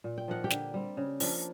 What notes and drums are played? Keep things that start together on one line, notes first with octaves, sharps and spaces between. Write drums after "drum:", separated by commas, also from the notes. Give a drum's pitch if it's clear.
A#2
G5
F3 A#3 D#4 F#5
G4 G5
D3, drum: snare
G3 C4
C#3
F3 A#3 D4, drum: open hi-hat